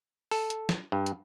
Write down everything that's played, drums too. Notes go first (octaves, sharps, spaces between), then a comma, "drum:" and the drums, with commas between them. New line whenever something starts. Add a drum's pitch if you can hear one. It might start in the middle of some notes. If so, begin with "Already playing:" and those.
A4, drum: open hi-hat
drum: hi-hat
drum: snare
G2
drum: hi-hat